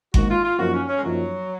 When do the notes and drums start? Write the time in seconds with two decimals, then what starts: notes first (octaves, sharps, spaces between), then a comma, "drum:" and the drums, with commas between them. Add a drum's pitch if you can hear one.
0.14 G#2 D#3 A#3 F#4, drum: kick G1
0.29 F4
0.43 F4
0.58 F#2 F3 A#3 D#4 F#4 A#4
0.74 C#4
0.88 C#4
0.98 G#3
1.03 F#2 F3 F#3 A#3 D#4 A#4